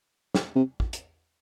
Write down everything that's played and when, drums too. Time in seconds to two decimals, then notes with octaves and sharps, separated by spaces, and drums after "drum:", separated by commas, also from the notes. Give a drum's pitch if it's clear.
0.35 drum: snare
0.56 C3
0.80 drum: kick
0.93 drum: hi-hat